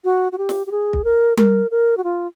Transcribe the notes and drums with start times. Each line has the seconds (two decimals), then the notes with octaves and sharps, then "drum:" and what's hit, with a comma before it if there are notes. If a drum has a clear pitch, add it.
0.04 F#4
0.32 F#4
0.38 G4
0.49 drum: snare
0.67 G4
0.71 G#4
0.93 drum: kick
1.04 A#4
1.37 A#4, drum: tom G3
1.71 A#4
1.97 F#4
2.04 F4